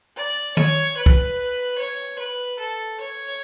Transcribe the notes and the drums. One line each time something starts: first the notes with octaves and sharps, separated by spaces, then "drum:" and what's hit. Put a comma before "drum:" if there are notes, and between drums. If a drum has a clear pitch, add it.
D5
C#5, drum: tom
B4
drum: kick B1
C#5
B4
A4
C#5